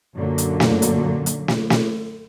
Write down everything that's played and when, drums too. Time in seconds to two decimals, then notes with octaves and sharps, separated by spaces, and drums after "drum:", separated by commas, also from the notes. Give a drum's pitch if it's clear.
0.16 F#2 A#2 D3 F#3 A#3
0.38 drum: hi-hat
0.60 drum: snare
0.82 drum: hi-hat
1.26 drum: hi-hat
1.48 drum: snare
1.70 drum: snare